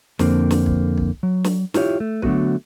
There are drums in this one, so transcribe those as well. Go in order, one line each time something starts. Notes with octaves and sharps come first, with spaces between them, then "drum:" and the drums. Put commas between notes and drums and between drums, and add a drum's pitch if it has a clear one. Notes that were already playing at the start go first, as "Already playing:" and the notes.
F2 D3 A#3 C4, drum: snare
drum: snare
drum: kick
drum: kick
F#3
drum: snare
E4 F4 G4 C#5 E5, drum: snare
A3
D3 F#3 A3 B3 F#4 B4, drum: kick